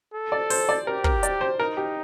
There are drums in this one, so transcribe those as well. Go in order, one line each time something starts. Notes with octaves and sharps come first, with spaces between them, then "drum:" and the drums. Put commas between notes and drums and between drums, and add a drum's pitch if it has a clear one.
A4
D5
C5, drum: open hi-hat
D5
G4 A#4
A#4, drum: kick
D5, drum: hi-hat
C5
D#4 A#4
G4